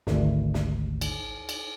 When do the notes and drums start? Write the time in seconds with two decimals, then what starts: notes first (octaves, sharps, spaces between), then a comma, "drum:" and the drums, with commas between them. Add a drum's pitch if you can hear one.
0.07 G#1 D2, drum: snare
0.54 drum: snare
1.01 drum: cymbal
1.49 drum: cymbal